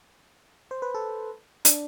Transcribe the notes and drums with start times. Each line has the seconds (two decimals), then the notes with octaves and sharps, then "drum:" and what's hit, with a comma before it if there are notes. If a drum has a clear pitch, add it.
0.71 C5
0.82 B4
0.94 A4
1.65 D4, drum: hi-hat